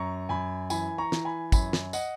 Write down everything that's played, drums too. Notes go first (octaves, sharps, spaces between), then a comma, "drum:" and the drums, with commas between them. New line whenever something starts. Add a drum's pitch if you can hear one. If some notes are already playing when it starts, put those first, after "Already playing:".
Already playing: F#2 A#5 C#6
F#2 G#5 B5
E3 G#5 B5, drum: tambourine
A#5 C#6
E3, drum: snare
G#5 B5
F#2 G#5 B5, drum: kick, tambourine
drum: snare
D#5 F#5, drum: tambourine